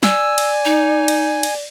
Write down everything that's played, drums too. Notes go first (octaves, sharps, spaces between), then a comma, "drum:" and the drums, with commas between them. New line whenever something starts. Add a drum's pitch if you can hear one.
D5 G#5 E6, drum: snare
drum: cymbal
D#4
drum: cymbal
drum: cymbal